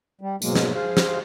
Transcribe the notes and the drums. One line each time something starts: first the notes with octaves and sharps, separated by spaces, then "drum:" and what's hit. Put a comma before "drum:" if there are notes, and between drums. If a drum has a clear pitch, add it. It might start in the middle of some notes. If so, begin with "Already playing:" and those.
G3
G#2 B2 F#3 G#3 A#3, drum: tambourine
drum: snare
G#4 C5 F5
drum: snare